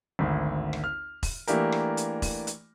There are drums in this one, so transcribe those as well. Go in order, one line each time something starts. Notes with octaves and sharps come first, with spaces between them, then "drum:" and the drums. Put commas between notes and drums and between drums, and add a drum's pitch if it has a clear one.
G#1 D2
drum: rim click
F6
drum: kick E1, open hi-hat
E3 A3 A#3 D4 G4 A#4, drum: hi-hat
drum: rim click
drum: hi-hat
drum: kick E1, open hi-hat
drum: hi-hat